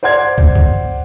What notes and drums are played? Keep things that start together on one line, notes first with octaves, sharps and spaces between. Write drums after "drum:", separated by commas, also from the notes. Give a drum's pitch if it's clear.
C5 D5 F#5 C6 G#6
drum: kick
drum: kick